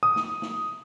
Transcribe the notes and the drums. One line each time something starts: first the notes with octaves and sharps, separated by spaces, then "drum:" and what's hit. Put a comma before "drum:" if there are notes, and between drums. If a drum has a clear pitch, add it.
D#6
drum: snare
drum: snare